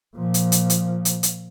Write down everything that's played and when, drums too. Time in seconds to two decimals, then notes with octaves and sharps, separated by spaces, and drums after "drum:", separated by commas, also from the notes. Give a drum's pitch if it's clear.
0.16 A#2 F3
0.34 drum: hi-hat
0.52 drum: hi-hat
0.70 drum: hi-hat
1.05 drum: hi-hat
1.23 drum: hi-hat